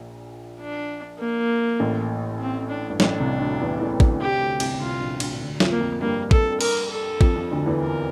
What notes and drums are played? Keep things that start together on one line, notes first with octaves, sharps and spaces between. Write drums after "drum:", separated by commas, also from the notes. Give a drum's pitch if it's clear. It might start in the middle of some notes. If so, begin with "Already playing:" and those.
Already playing: A#1 A#2
D4
A#3
A1 A2
C4
D4
G2
A1 A2 D4, drum: snare
C2 C3
D2 D3
E2 E3
E2 E3
D3 D4, drum: kick A1
C3 C4 G4
D2 D3
C2 C3, drum: cymbal
C2 C3 F4
A#1 A#2
D2 D3, drum: cymbal
D2 D3
F2 F3, drum: snare
A#3
F2 F3
G2 G3 A#3
A4, drum: kick A1
A#4, drum: cymbal
A4
F2 F3, drum: kick A1
F2 F3
D2 D3
E2 E3
A#4